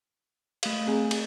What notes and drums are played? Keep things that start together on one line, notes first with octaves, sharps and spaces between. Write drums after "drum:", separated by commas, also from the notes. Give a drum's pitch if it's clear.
A3 F5, drum: cymbal
C4 G#4 G#5
drum: cymbal